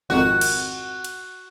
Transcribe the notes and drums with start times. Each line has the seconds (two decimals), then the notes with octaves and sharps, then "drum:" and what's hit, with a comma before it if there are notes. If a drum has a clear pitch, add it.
0.10 G#1 F2 D#3 F#4
0.41 drum: cymbal
1.04 drum: cymbal